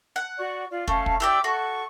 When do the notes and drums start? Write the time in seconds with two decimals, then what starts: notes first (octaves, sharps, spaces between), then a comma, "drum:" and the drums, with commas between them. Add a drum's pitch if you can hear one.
0.16 F#5
0.38 F#4 D5 C#6
0.70 F4 D5
0.88 A3 C#4 F5 A5, drum: kick
1.06 drum: kick
1.20 E4 G4 D5 G5 D6 E6
1.44 F#4 A4 C#6